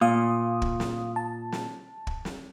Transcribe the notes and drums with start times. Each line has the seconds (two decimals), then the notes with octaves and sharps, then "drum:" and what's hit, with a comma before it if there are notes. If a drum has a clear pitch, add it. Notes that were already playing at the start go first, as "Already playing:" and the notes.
0.01 A#2 F5 D#6
0.62 drum: kick
0.80 drum: snare
1.16 A5
1.52 drum: snare
2.07 drum: kick
2.25 drum: snare